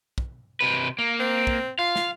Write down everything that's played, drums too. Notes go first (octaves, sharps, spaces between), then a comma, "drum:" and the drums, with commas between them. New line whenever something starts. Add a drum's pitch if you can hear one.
drum: kick
C3 B4
A#3
C4
drum: kick
F4 F5
drum: snare